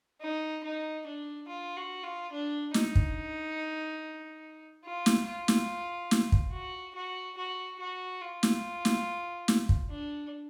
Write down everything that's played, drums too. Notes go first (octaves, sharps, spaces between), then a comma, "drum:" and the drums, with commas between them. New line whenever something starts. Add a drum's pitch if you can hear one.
D#4
D#4
D4
F4
F#4
F4
D4
D#4, drum: snare
drum: kick
F4
drum: snare
F4
drum: snare
drum: snare
drum: kick
F#4
F#4
F#4
F#4
F4
drum: snare
drum: snare
drum: snare
drum: kick
D4